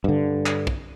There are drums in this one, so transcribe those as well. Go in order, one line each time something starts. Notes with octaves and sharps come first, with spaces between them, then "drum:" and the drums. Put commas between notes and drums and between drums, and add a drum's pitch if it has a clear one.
G2 D3
drum: clap
drum: kick